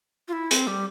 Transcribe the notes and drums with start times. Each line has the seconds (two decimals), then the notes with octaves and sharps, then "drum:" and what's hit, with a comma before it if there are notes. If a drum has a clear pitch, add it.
0.28 F4
0.33 E4
0.51 C4, drum: hi-hat
0.67 G3